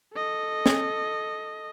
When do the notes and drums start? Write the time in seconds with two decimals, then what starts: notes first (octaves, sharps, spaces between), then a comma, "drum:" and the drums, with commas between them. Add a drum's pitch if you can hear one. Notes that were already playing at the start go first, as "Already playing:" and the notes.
0.14 A4 D#5
0.66 drum: snare